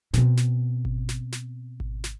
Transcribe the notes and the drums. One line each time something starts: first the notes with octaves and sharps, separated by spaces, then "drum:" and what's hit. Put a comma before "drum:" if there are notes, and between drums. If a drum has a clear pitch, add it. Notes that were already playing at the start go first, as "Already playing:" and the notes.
B2 C4, drum: snare
drum: snare
drum: kick G#1
drum: snare
drum: snare
drum: kick G#1
drum: snare